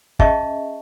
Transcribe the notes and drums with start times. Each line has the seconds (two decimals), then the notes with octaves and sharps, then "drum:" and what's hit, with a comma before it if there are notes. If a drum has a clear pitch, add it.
0.19 C#4 G#4 D#5 E5 A5 C#6, drum: kick